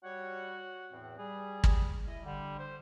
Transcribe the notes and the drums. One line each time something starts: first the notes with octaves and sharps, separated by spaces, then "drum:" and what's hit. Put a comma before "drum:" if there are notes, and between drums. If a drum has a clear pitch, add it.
G3 F#4 C#5
E2 A2 C4
G3 G#4
drum: kick
E4 D#5
D3 G3
C5